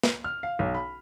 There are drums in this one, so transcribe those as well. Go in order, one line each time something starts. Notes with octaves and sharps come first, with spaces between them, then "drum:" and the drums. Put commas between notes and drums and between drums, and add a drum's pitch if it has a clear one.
drum: snare
F6
F5
B1
B5